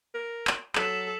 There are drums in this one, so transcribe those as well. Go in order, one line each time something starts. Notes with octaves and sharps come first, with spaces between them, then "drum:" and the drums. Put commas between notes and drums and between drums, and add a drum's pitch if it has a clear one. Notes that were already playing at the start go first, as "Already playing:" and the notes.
A#4
drum: clap
F#3 A4 B6 E7 F#7, drum: clap